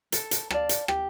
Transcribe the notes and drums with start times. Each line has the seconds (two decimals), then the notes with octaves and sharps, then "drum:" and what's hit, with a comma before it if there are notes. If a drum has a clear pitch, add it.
0.12 A4, drum: hi-hat
0.31 drum: hi-hat
0.50 D5 F5 A5, drum: rim click
0.69 drum: hi-hat
0.88 G4, drum: rim click